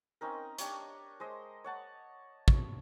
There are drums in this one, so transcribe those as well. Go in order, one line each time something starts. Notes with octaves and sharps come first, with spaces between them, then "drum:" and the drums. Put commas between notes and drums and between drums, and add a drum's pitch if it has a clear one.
C4 C#4 D#4 A#4
D4 G4 C#5, drum: hi-hat
G#3 C5 D#5
C#5 F#5 A5
C#5, drum: kick